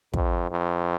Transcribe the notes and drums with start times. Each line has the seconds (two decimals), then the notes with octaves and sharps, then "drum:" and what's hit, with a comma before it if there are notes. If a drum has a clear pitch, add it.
0.14 F2, drum: kick
0.51 F2